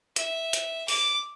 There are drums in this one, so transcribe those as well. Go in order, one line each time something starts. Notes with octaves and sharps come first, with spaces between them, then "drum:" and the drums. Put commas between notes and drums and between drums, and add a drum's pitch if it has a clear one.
E5, drum: hi-hat
drum: hi-hat
D6, drum: open hi-hat